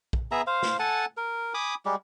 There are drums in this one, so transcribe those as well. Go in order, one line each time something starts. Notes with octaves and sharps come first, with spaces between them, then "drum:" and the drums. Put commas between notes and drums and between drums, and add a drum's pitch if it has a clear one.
drum: kick
B3 G#4 E5 A#5
C5 F5
drum: snare
A4 F#5 G#5 A5
A#4
G#5 B5 D6 D#6
G3 G#3 G4